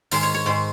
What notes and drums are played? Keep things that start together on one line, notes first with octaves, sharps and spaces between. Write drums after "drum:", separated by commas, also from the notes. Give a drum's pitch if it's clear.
G#2 D#3 G#3 C5, drum: open hi-hat
C#5
C#5
G#2 D#3 G#3 C5